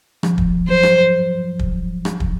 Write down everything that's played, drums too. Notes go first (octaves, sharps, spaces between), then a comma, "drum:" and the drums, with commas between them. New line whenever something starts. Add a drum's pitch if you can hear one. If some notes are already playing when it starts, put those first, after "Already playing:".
F3, drum: rim click
drum: kick
F#3 C5
drum: rim click
drum: kick
drum: rim click
drum: kick